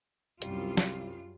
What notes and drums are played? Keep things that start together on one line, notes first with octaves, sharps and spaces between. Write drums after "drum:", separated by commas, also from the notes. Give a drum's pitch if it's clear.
C2 F#2 G3 F4, drum: hi-hat
drum: snare